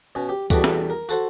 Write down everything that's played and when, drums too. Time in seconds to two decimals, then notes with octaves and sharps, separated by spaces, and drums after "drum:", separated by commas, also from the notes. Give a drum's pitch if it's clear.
0.15 B2 C#4
0.29 G4
0.50 E2 B2 G3 A3 F#4 D6, drum: kick, tambourine
0.64 drum: snare
0.90 A#4
1.09 F#4 A4 C5 F#5, drum: tambourine